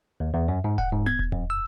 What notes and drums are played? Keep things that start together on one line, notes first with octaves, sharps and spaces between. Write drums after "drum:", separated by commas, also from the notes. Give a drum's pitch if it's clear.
D#2
E2
F#2
G#2
F#5, drum: kick D#1
G#2
G#6, drum: tom B3
drum: kick D#1
F2, drum: tom F2
E6